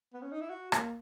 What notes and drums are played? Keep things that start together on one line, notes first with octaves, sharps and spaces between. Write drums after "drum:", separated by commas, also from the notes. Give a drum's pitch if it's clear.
B3
C#4
D#4
E4
F#4
A#3, drum: rim click